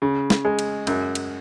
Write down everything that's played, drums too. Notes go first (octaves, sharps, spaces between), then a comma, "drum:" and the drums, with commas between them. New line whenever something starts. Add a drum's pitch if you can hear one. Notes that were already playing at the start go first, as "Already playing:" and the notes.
C#3
drum: snare
G#3
drum: cymbal
F#2, drum: cymbal
drum: cymbal